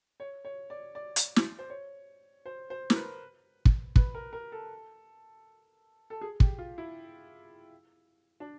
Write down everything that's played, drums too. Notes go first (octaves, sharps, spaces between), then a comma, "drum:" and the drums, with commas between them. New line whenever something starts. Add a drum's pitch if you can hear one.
C#5
C#5
D5
D5
drum: hi-hat
drum: snare
C5
C#5
C5
C5
A#4, drum: snare
B4
drum: kick
B4, drum: kick
A#4
A#4
A4
A4
G#4
G4, drum: kick
F4
E4
D4